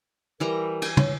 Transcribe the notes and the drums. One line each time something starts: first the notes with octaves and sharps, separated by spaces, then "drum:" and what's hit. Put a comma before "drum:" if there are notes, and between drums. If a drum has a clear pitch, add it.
E3 G3 A#4 A#5
G#5, drum: cymbal
C#5, drum: tom